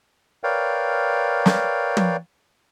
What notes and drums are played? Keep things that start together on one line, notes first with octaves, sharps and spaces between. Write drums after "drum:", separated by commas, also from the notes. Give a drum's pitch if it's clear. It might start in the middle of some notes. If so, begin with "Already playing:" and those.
A#4 B4 C#5 D5 F5 G5
drum: snare
drum: tom